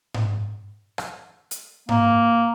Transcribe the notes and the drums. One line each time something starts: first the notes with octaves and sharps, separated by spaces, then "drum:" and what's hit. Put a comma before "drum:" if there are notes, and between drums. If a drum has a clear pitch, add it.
drum: tom G#2
drum: rim click
drum: hi-hat
A#3, drum: tom G#2